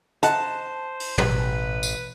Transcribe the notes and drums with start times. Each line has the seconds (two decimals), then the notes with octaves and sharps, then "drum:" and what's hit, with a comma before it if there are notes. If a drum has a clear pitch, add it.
0.23 C5 D#5 F#5 A5, drum: hi-hat
1.00 drum: open hi-hat
1.18 A1 B4, drum: tom
1.83 drum: tambourine